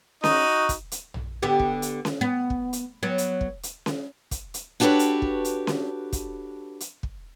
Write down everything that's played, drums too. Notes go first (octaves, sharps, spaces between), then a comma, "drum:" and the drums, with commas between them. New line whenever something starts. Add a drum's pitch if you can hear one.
D#4 F#4, drum: snare C#4
drum: kick, hi-hat
drum: hi-hat
drum: tom A#1
D3 B3 G4
drum: kick
drum: hi-hat
drum: snare C#4
B3
drum: kick
drum: hi-hat
F#3 B3
drum: hi-hat
drum: kick
drum: hi-hat
drum: snare C#4
drum: kick, hi-hat
drum: hi-hat
D4 F#4 G4 A4 B4 C#5
drum: hi-hat
drum: kick
drum: hi-hat
drum: snare C#4
drum: kick, hi-hat
drum: hi-hat
drum: kick